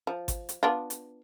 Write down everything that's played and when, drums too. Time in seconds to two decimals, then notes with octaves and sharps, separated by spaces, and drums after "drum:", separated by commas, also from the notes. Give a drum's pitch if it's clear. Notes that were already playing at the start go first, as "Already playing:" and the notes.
0.07 F3
0.28 drum: kick G#1, hi-hat
0.49 drum: hi-hat
0.63 B3 D4 F4
0.90 drum: hi-hat